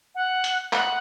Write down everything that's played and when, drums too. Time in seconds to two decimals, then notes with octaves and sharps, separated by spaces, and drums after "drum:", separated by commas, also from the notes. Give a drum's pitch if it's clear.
0.15 F#5
0.44 drum: hi-hat
0.73 F#5, drum: clap